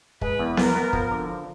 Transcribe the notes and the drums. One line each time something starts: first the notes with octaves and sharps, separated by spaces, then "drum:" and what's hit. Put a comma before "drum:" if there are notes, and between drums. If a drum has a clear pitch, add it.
G#3 B4, drum: kick
E2
B3 A#4, drum: snare B3
B3
F3, drum: kick
D3
F3